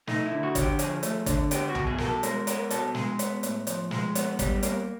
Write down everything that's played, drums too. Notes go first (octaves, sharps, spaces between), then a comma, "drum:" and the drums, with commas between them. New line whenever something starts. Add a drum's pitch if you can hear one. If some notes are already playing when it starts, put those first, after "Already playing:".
A3 D#4, drum: snare
E4
D3
F#4
D3, drum: kick, hi-hat
G4
F3 G#4, drum: hi-hat
A3, drum: hi-hat
D3, drum: kick, hi-hat
B3 G4, drum: hi-hat
F#4
B2, drum: tom B1
G#4
B2 A#4, drum: snare
A4
G#3 A#4, drum: hi-hat
B3 A#4, drum: hi-hat
B2 A4, drum: hi-hat
G#3 G#4, drum: snare
B3, drum: hi-hat
A2, drum: hi-hat
F3, drum: hi-hat
G#3, drum: snare
B3, drum: hi-hat
G3, drum: kick, hi-hat
A#3, drum: hi-hat